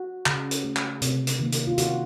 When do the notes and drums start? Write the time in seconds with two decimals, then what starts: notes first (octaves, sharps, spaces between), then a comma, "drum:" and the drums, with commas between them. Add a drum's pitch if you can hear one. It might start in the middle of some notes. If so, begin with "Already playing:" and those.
Already playing: F#4
0.26 C#3, drum: clap
0.51 drum: hi-hat
0.64 A3
0.76 drum: clap
1.02 C3, drum: hi-hat
1.27 drum: hi-hat
1.40 D#3 A#3
1.52 drum: hi-hat
1.67 F4
1.78 D#3 F#4, drum: hi-hat